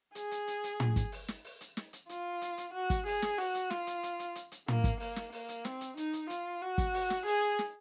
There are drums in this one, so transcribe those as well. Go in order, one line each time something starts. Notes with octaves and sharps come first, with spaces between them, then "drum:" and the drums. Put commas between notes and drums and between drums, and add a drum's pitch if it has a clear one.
G#4, drum: hi-hat
drum: hi-hat
drum: hi-hat
drum: hi-hat
drum: tom
drum: kick, hi-hat
drum: open hi-hat
drum: snare
drum: open hi-hat
drum: hi-hat
drum: snare
drum: hi-hat
F4, drum: hi-hat
drum: hi-hat
drum: hi-hat
F#4
drum: kick, hi-hat
G#4, drum: open hi-hat
drum: snare
F#4, drum: open hi-hat
drum: hi-hat
F4, drum: snare
drum: hi-hat
drum: hi-hat
drum: hi-hat
drum: hi-hat
drum: hi-hat
A#3, drum: tom
drum: kick, hi-hat
A#3, drum: open hi-hat
drum: snare
A#3, drum: open hi-hat
drum: hi-hat
C4, drum: snare
drum: hi-hat
D#4, drum: hi-hat
drum: hi-hat
F4, drum: hi-hat
F#4
drum: kick, hi-hat
drum: open hi-hat
drum: snare
G#4, drum: open hi-hat
drum: snare